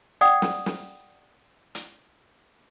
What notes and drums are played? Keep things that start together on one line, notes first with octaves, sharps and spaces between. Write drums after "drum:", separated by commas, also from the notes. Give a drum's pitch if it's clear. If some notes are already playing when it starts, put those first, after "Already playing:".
D5 F#5 G5 D#6
drum: snare
drum: snare
drum: hi-hat